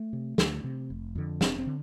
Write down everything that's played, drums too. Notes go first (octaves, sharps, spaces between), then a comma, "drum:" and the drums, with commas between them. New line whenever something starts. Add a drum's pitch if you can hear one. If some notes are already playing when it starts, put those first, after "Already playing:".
Already playing: A3
C3
D2, drum: snare
C3
F1
F2 D3
F1 C4, drum: snare
C4
D3